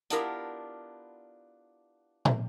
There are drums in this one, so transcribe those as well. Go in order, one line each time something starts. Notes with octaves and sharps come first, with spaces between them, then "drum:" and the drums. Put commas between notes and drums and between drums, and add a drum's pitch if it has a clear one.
B3 D4 E4 F4 G4 A#4, drum: hi-hat
drum: tom